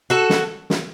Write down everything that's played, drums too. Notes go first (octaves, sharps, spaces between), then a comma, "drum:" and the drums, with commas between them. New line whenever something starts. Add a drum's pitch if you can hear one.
F#4 A4
drum: snare
drum: snare